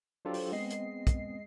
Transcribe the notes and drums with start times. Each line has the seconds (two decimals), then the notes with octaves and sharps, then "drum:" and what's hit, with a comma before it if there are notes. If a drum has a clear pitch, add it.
0.25 F#3 D4 F4 G4 A4 C5
0.34 drum: open hi-hat
0.52 G#3 B3 C4 D#5 C7
0.70 drum: hi-hat
1.07 drum: kick, hi-hat